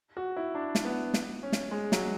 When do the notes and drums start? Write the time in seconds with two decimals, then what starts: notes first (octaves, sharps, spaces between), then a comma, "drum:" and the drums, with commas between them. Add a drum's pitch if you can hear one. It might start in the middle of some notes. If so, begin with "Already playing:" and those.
0.17 F#4
0.37 E4
0.55 D4
0.75 drum: snare
0.85 B3
1.14 drum: snare
1.43 C#4
1.52 drum: snare
1.71 G#3
1.92 F#3, drum: snare